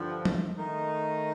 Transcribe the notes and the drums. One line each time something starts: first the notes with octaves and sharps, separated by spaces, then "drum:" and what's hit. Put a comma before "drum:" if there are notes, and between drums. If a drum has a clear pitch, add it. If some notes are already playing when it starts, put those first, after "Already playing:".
Already playing: G2 D3 F3
drum: tom
D#3 A3 D#4